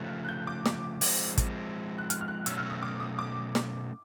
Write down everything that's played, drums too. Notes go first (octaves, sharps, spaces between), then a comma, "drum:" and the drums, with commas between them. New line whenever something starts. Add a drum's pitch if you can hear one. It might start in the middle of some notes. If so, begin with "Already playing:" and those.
Already playing: C#3 F3 A3 F6 F#6
F#6
G6
D6
D6, drum: snare
F3 G#3 C4, drum: open hi-hat
drum: kick, hi-hat
F#6
F6, drum: hi-hat
F6
F#6
B2 F#3 A3 C#4 E6, drum: hi-hat
F6
D#6
D6
D#6
D6
drum: snare